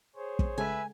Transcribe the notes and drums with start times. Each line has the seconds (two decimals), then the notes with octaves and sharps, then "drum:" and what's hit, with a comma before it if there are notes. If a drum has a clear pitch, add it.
0.16 G#4 C5 C#5
0.39 drum: kick
0.58 C#3 G#3 A3 B4 E5 G#5